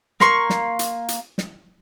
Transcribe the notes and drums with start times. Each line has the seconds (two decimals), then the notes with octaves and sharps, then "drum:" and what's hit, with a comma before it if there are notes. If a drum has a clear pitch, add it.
0.20 A#3 C6 C#6, drum: snare
0.50 drum: snare
0.79 drum: hi-hat
1.08 drum: hi-hat
1.38 drum: snare